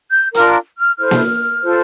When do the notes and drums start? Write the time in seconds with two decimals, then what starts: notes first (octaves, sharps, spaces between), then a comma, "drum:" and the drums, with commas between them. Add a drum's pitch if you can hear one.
0.12 G6
0.34 D4 F4 A#4 F6, drum: hi-hat
0.78 F6
0.98 E4 A4 C5 F6
1.11 drum: snare A#3
1.62 F4 A4 C5